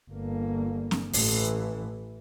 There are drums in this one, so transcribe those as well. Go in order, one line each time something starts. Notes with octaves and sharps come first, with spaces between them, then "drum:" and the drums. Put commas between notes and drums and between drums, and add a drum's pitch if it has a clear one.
G1 A#3
drum: snare C4
A1 E3, drum: open hi-hat